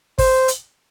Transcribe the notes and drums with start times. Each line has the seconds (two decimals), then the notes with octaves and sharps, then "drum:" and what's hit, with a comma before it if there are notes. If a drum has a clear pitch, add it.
0.18 C5, drum: kick, open hi-hat
0.48 drum: hi-hat